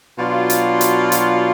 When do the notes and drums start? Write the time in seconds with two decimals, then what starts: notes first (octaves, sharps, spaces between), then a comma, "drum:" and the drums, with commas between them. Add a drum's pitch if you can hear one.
0.18 B2 F#3 D4 F4
0.50 drum: hi-hat
0.81 drum: hi-hat
1.12 drum: hi-hat